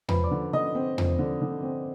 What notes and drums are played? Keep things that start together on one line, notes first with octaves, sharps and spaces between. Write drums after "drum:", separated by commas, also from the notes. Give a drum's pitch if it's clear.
F3 B4 B5, drum: tom E2
D5 D6
D3
D3 D#5 D#6
C4
F3, drum: tom E2
D3
D3
C4